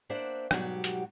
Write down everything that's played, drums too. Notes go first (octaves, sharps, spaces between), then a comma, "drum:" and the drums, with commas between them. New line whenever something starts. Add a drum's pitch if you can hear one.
A#3 D4 C5 D5 E5 F#5
G#2 B2 F#3 G3 F#4 G4, drum: rim click
drum: hi-hat